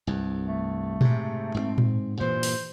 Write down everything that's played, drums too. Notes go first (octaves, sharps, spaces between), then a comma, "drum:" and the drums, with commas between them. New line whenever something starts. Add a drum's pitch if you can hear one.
C2 G2
A3
G#2 C3, drum: tom A#2
G#2 F3 C4
drum: tom A2
G2 A#2 E3 C5
drum: open hi-hat